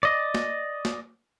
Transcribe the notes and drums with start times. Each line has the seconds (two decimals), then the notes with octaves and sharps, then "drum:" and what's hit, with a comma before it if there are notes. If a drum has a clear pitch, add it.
0.03 D5 D#5
0.35 drum: snare
0.85 drum: snare